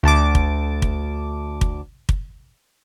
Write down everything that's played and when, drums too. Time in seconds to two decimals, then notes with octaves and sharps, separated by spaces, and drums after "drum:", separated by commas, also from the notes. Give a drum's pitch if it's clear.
0.03 D2 A5 D6
0.35 drum: kick
0.82 drum: kick
1.61 drum: kick
2.09 drum: kick